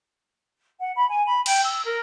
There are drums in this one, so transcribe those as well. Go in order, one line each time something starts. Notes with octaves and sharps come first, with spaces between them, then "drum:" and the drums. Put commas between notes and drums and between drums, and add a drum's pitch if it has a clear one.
F#5
B5
G#5
B5
G5, drum: cymbal
E6
A#4